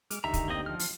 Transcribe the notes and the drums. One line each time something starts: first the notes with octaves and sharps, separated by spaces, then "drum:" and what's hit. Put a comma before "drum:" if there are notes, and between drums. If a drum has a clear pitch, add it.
G#3 D6 F6, drum: hi-hat
D2 D#3 D#4 G4 E5 A#5
drum: kick, hi-hat
A#3 C4 D#5
F3 F6
drum: open hi-hat